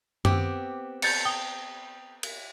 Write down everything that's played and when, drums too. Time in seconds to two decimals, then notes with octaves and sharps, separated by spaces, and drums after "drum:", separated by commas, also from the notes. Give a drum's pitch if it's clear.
0.25 B3 C4 G4 D6, drum: tom F#2
1.02 G6 A6 C#7, drum: cymbal
1.25 G5 D#6 G7
2.23 drum: cymbal